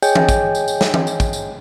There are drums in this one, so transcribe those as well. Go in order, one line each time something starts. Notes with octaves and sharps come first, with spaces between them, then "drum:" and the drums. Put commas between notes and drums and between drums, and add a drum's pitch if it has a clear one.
G#4 C#5 D#5 G5 G#5 G6, drum: tambourine
drum: tom E3
drum: kick, tambourine
drum: tambourine
drum: tambourine
drum: snare
drum: tom E3
drum: tambourine
drum: kick, tambourine
drum: tambourine